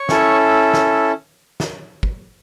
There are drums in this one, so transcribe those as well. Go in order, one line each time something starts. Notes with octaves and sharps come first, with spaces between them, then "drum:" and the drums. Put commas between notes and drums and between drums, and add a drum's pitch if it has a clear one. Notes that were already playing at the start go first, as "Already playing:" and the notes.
Already playing: C#5
C#4 E4 A4, drum: snare
drum: snare
drum: snare
drum: kick